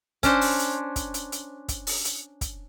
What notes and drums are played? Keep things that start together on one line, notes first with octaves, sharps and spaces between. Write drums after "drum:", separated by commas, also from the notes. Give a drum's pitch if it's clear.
C#4 D4 C5, drum: kick, hi-hat
drum: open hi-hat
drum: hi-hat
drum: kick, hi-hat
drum: hi-hat
drum: hi-hat
drum: kick, hi-hat
drum: open hi-hat
drum: hi-hat
drum: kick, hi-hat